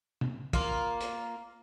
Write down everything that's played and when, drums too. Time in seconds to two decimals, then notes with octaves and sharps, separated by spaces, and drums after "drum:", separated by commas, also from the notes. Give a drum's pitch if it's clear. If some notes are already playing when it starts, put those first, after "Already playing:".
0.21 drum: tom
0.53 A#3 F4, drum: kick
1.01 drum: hi-hat